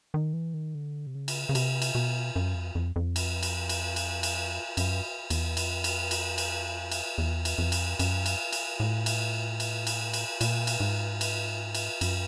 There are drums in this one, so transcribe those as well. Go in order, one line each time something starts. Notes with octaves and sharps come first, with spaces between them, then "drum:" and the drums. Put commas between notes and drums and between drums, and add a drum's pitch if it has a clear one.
D#3
E3
D#3
D3
C3
C#3
drum: cymbal
C#3
C3, drum: cymbal
drum: cymbal
B2
F#2
F2
F2
F2
drum: cymbal
drum: cymbal
drum: cymbal
drum: cymbal
drum: cymbal
F#2, drum: cymbal
E2, drum: cymbal
F2, drum: cymbal
drum: cymbal
drum: cymbal
drum: cymbal
drum: cymbal
E2
drum: cymbal
F2
drum: cymbal
F#2, drum: cymbal
drum: cymbal
drum: cymbal
A2
drum: cymbal
drum: cymbal
drum: cymbal
drum: cymbal
A#2, drum: cymbal
drum: cymbal
G#2
drum: cymbal
drum: cymbal
F#2, drum: cymbal